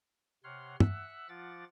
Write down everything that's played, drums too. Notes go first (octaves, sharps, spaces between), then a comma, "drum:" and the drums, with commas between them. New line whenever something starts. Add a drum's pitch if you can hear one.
C3 C#5 F#5 C6 F6
E5 F#5 E6 F#6, drum: tom
F3 F4 F#5 D6 A6